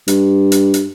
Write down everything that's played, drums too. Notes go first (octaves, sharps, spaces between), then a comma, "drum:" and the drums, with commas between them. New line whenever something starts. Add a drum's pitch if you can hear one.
G2, drum: hi-hat
drum: hi-hat
drum: hi-hat